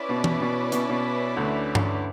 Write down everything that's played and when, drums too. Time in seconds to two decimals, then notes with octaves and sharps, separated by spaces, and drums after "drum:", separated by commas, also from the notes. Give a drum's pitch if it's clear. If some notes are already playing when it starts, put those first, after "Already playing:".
Already playing: C#4 E4 B4 D5
0.09 B2
0.24 drum: tom E3
0.41 B2
0.72 B2, drum: hi-hat
0.89 B2
1.36 D2 D3
1.75 drum: tom G2